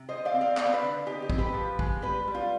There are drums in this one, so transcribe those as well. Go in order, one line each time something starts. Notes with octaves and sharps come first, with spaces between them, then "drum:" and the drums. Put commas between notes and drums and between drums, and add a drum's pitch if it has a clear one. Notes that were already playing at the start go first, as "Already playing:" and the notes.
Already playing: C3
G3 C5 D#5
D5 F5
C4
D5 F5
B3 D5 F5, drum: clap
C5
B4 D5
D3
D#4 G4
G4
C4, drum: kick
G4 B4
F3
G#3, drum: kick
G3 G4 B4
G3
F4